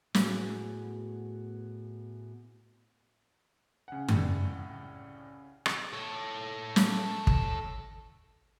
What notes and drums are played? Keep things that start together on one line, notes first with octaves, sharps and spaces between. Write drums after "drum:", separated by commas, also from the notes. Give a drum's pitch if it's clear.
A2 B3 F#4 G#4, drum: snare
C#3 F#5
C2 A2 D#3, drum: tom F#2
drum: rim click
A4 C#5
drum: snare
drum: kick